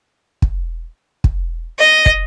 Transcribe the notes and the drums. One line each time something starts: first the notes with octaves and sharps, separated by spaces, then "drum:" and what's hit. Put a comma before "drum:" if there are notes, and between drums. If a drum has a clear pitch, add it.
drum: kick
drum: kick
D#5
drum: kick